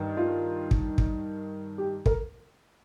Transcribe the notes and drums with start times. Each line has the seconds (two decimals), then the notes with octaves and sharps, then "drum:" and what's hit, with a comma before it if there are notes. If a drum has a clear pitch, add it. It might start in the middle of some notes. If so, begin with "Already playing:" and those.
Already playing: G2 D#3
0.17 F4
0.71 drum: kick
0.98 drum: kick
1.78 G4
2.06 A#4, drum: kick